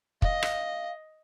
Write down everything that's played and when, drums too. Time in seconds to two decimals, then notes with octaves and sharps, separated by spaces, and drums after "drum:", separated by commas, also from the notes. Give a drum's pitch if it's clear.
0.22 D#5 F5, drum: kick
0.43 drum: rim click